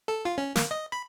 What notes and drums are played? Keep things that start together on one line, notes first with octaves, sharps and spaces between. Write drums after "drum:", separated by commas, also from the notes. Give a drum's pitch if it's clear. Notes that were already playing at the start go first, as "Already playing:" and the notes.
A4
F4
C#4
A#3, drum: snare
D#5
B5